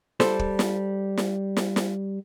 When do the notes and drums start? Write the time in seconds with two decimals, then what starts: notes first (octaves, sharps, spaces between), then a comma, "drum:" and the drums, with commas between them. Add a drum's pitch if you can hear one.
0.20 G3 A4 C5, drum: snare
0.39 drum: kick
0.59 drum: snare
1.18 drum: snare
1.57 drum: snare
1.76 drum: snare